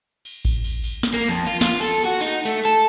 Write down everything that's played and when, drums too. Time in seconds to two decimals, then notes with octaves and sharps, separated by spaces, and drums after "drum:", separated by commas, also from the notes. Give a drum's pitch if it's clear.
0.25 drum: cymbal
0.45 drum: kick A1, cymbal
0.64 drum: cymbal
0.84 drum: cymbal
1.03 drum: snare
1.14 A#3
1.29 F2
1.47 F4
1.61 F4, drum: snare
1.81 A4, drum: cymbal
2.05 F#4
2.21 D#4, drum: cymbal
2.45 A3
2.65 A4